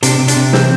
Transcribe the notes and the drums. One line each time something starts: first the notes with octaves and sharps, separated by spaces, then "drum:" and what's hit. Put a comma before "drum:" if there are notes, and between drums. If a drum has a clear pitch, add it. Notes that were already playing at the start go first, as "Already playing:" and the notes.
C3 D4, drum: hi-hat
C3
D4, drum: hi-hat
C3
E3 C4, drum: snare